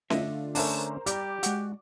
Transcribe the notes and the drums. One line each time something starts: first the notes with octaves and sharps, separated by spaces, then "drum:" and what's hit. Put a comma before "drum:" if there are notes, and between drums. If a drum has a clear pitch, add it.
D3 A3 D4 F4 D#5 E5, drum: snare C#4
A3 C#4 D4 A#4 C5 A#5, drum: open hi-hat
G3 G4 D5 A#5 D6, drum: hi-hat
G#3 F#4 F#5, drum: hi-hat